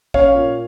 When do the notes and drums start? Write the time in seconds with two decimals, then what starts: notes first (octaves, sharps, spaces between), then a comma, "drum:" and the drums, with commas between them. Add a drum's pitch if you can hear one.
0.14 C#4 C#5 F5, drum: kick
0.35 A#2